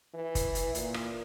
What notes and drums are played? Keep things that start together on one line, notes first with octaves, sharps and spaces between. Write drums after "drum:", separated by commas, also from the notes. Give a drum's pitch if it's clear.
E3
drum: kick F#1, hi-hat
drum: hi-hat
A#2, drum: hi-hat
drum: rim click